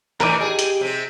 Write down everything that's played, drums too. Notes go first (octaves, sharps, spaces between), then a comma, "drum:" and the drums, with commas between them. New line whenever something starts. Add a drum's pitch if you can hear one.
A2 E3 D#4 A#4 B4 D6, drum: clap
G4 G#4
drum: hi-hat
C3 C4